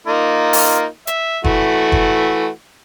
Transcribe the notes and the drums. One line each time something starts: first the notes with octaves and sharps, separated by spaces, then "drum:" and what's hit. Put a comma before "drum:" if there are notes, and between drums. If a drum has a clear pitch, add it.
A#3 D#4 F4
drum: open hi-hat
E5, drum: hi-hat
E3 A3 F#4, drum: kick
drum: kick